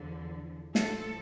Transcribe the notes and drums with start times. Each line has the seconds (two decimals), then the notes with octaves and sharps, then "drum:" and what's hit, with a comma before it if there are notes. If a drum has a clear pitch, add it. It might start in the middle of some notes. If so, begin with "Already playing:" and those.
Already playing: E2 D3 F3
0.75 A2 F3 A3 A4, drum: snare